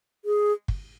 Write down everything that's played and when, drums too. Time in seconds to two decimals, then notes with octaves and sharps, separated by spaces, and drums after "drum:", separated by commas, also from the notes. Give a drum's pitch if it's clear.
0.25 G#4
0.68 drum: kick